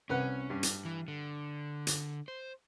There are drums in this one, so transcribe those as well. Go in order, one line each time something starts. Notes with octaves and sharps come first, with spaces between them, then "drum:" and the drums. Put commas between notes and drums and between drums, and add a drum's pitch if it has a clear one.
C2 C#4 B4 F#5
G2
drum: hi-hat
E3
D3
drum: hi-hat
C5